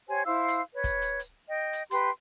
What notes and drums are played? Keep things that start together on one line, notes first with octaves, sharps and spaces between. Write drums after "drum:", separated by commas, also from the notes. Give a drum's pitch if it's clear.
G4 C5 C#5 G#5
E4 C5 F5 E6
drum: hi-hat
B4 C#5
drum: kick, hi-hat
drum: hi-hat
drum: hi-hat
D#5 G5
drum: hi-hat
G4 B4 G5 C6, drum: hi-hat